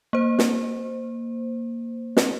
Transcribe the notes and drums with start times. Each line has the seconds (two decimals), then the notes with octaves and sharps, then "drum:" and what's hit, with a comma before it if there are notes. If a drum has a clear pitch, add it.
0.13 A#3 C5
0.39 drum: snare
2.17 drum: snare